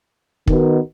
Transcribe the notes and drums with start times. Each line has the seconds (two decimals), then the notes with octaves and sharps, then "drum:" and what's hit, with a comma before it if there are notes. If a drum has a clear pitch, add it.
0.47 D#3 B3 D#4 F#4, drum: kick